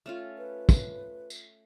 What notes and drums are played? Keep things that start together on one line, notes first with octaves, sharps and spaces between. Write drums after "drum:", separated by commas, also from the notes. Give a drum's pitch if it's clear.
A3 C#4 F4
B4
drum: kick, tambourine
drum: tambourine